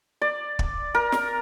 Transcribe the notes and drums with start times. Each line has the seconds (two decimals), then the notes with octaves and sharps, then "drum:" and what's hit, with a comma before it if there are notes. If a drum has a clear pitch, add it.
0.22 D5
0.59 drum: kick
0.95 A#4
1.12 drum: snare